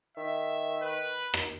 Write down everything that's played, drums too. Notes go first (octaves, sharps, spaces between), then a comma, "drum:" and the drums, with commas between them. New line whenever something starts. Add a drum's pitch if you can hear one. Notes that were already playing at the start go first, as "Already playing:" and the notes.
D#3 E5
B4
drum: rim click